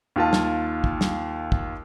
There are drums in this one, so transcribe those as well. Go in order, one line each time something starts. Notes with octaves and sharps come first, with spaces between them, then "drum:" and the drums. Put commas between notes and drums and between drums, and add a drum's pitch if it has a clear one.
D#2 F4 A5
drum: snare
drum: kick
drum: snare
drum: kick